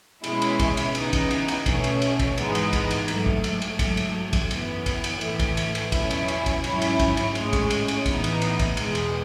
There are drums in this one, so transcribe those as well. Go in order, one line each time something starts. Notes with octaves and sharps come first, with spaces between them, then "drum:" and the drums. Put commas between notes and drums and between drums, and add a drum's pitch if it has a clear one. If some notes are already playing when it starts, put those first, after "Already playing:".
B2 G#3 C#4 E4, drum: cymbal
drum: cymbal
drum: kick, cymbal
drum: cymbal
C#3 E3 B3 D#4, drum: cymbal
drum: kick, cymbal
drum: cymbal
drum: cymbal
B2 A3 C#4, drum: kick, cymbal
drum: cymbal
drum: cymbal
drum: kick, cymbal
G#2 E3 G#3 B3 D#4, drum: cymbal
drum: cymbal
drum: kick, cymbal
drum: cymbal
G#2 F#3 A3, drum: cymbal
drum: kick
drum: cymbal
drum: cymbal
G#2 F#3 A3, drum: kick, cymbal
drum: cymbal
drum: kick, cymbal
F#2 E3 B3, drum: cymbal
drum: kick, cymbal
drum: cymbal
A2 E3 A3, drum: cymbal
drum: kick, cymbal
drum: cymbal
drum: cymbal
E2 B2 F#3 C#4 E4, drum: kick, cymbal
drum: cymbal
drum: cymbal
drum: kick, cymbal
G#2 F#3 C#4 E4, drum: cymbal
drum: cymbal
drum: kick, cymbal
drum: cymbal
A2 G#3 C#4, drum: cymbal
drum: kick, cymbal
drum: cymbal
drum: cymbal
A2 E3 B3 D#4, drum: kick, cymbal
drum: cymbal
drum: cymbal
drum: kick, cymbal
E2 B2 G#3, drum: cymbal
drum: cymbal